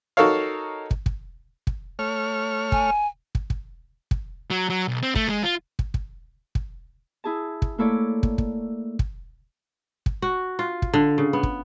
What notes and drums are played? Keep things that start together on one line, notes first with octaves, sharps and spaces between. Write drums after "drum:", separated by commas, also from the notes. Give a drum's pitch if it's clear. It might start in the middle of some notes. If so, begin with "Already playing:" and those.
D#4 F#4 A4 A#4 C#5 F5
drum: kick
drum: kick
drum: kick
A3 C#5 F6
G#5, drum: kick
drum: kick
drum: kick
drum: kick
F#3
F#3
B1
C4
A3, drum: kick
G#3
F4
drum: kick
drum: kick
drum: kick
E4 G#4 A5
drum: kick
A3 A#3 E4 A4 C#5 D5
drum: kick
drum: kick
drum: kick
drum: kick
F#4
F4
drum: kick
D3
C#3
B3
drum: kick